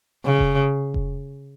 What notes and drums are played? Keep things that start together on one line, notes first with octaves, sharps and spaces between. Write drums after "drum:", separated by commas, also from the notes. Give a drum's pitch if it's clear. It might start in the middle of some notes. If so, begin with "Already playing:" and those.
C#3
drum: kick F1
drum: kick F1